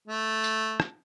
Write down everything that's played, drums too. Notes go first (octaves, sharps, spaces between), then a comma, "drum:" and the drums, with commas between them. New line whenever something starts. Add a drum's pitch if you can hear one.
A3
drum: tambourine
drum: rim click